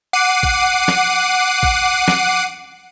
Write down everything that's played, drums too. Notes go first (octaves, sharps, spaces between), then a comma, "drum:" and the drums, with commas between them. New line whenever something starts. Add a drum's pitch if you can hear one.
F#5 D6 C7 D#7
drum: kick
drum: snare
drum: kick
drum: snare